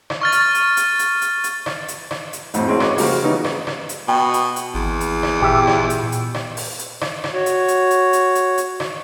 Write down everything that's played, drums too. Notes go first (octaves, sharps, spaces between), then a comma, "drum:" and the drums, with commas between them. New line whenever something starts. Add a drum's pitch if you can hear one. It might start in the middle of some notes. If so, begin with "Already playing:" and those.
drum: rim click
C#6 F6 A6
drum: hi-hat
drum: hi-hat
drum: hi-hat
drum: hi-hat
drum: hi-hat
drum: hi-hat
drum: rim click
drum: hi-hat
drum: rim click
drum: hi-hat
G#1 F2 A2, drum: hi-hat
G#3 C4 C#4 E4 F#4
F#4 B4 C#5 D#5 D6, drum: rim click
C#3 F3 G3 A#3 F#4, drum: open hi-hat
C#3 E3 G3 B3 C#4 D#4
drum: rim click
drum: rim click
drum: hi-hat
B2 G5
drum: hi-hat
drum: hi-hat
G#1 E2
drum: hi-hat
drum: rim click
A#2 G4 E5
drum: rim click
drum: hi-hat
drum: hi-hat
drum: rim click
drum: open hi-hat
drum: hi-hat
drum: rim click
drum: rim click
F#4 C#5
drum: hi-hat
drum: hi-hat
drum: hi-hat
drum: hi-hat
drum: hi-hat
drum: hi-hat
drum: rim click